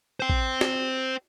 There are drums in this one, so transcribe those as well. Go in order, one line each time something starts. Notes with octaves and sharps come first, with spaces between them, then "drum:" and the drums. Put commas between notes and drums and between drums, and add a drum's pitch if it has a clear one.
C5 G5
drum: kick
drum: snare